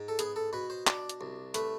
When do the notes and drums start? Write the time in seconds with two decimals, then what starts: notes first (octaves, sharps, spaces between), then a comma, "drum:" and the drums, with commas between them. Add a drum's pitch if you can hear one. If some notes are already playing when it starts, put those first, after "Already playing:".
Already playing: G#2
0.08 A4
0.19 B3 G#4, drum: hi-hat
0.36 A4
0.53 B2 B4
0.70 C5
0.87 D4 D5, drum: clap
1.09 drum: hi-hat
1.21 C2
1.54 A3 B4, drum: hi-hat